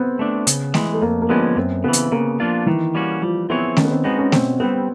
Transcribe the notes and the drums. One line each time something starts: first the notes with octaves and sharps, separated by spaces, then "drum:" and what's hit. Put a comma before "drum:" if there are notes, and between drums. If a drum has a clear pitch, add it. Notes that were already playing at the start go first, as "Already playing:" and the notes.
Already playing: B3 C4
A3 D4
C#3, drum: hi-hat
E3 G#3, drum: snare A3
A3
F2 A#3
A#3
D3 F3 G#3 B3 C#4
F#2 C4
C#3 E3 B3
drum: hi-hat
C#3 A#3
F3 A#3 D4 F4
D#3 E3
G3 A#3 C#4 F#4
F3 G3
B3 C4 E4 G#4 C#5
D#3 C#4, drum: snare A3
B3
C4
G#3 B3 C4 D#4 F#4
C#4
B2 C4, drum: snare A3
G3 B3 C4